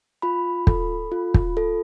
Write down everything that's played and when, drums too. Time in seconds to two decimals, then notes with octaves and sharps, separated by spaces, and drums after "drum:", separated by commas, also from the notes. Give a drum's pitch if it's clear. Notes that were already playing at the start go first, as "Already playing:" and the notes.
0.22 F4 B5
0.67 A4, drum: kick
1.12 F4
1.34 drum: kick
1.57 A4